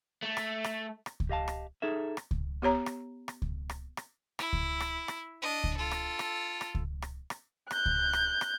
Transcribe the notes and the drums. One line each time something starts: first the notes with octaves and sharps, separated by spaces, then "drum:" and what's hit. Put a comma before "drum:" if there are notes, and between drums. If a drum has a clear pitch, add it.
A3
drum: rim click
drum: rim click
drum: rim click
drum: kick C#2
G4 D#5 F5 A5
drum: rim click
D#4 G#4 A4 E5
drum: rim click
drum: kick C#2
B3 G4 C#5 A#5
drum: rim click
drum: rim click
drum: kick C#2
drum: rim click
drum: rim click
E4, drum: rim click
drum: kick C#2
drum: rim click
drum: rim click
D4 D#5
drum: kick C#2
F4 A4
drum: rim click
drum: rim click
drum: rim click
drum: kick C#2
drum: rim click
drum: rim click
F#6 G6, drum: rim click
drum: kick C#2
drum: rim click
drum: rim click